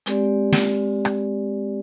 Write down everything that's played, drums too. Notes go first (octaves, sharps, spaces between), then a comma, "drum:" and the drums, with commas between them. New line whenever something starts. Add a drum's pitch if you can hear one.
G#3 C4 G4 D5, drum: hi-hat
drum: snare
drum: rim click